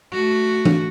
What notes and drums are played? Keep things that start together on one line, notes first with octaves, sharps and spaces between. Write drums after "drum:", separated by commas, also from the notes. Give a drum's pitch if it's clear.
A3 F#4
drum: tom E3